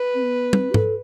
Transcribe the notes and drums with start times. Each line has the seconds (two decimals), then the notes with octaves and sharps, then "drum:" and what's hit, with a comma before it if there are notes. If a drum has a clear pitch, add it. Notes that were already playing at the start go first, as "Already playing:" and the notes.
Already playing: B4
0.14 C4
0.21 B3
0.53 C4, drum: tom
0.70 G4
0.74 A4, drum: tom G#2